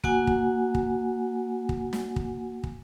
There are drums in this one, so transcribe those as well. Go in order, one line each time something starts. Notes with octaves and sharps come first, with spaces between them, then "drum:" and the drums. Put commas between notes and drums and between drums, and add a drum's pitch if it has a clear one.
A#3 F#4 F#5 G#5, drum: kick
drum: kick
drum: kick
drum: kick
drum: snare
drum: kick
drum: kick